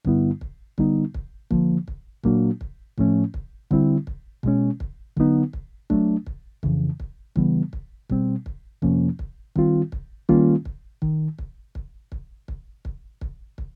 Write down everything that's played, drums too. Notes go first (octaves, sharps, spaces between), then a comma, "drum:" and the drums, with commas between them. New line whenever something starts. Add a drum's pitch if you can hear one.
G2 D3 G3 B3 E4, drum: kick
drum: kick
D3 G3 B3 D#4, drum: kick
drum: kick
D3 F3 A#3, drum: kick
drum: kick
A#2 F#3 A#3 D4 F#4, drum: kick
drum: kick
A2 F3 A3 C#4, drum: kick
drum: kick
D3 G3 C4 E4, drum: kick
drum: kick
B2 G#3 C#4, drum: kick
drum: kick
D3 F#3 B3 D#4, drum: kick
drum: kick
F#3 A3 D4, drum: kick
drum: kick
F2 C#3 E3, drum: kick
drum: kick
C#3 E3 G3 B3, drum: kick
drum: kick
B2 G3 C4, drum: kick
drum: kick
F2 C3 F3 A#3 C#4, drum: kick
drum: kick
D#3 G3 C4 F4, drum: kick
drum: kick
D#3 G3 A#3 C#4 F4, drum: kick
drum: kick
D#3, drum: kick
drum: kick
drum: kick
drum: kick
drum: kick
drum: kick
drum: kick
drum: kick